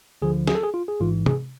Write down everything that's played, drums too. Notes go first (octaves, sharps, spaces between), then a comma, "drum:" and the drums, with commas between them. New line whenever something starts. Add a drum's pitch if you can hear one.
D2 D3 F3 G#4
G#4, drum: snare
A4
G#4
F4
G#4
A1 G#2 E3 F4
G#4, drum: tom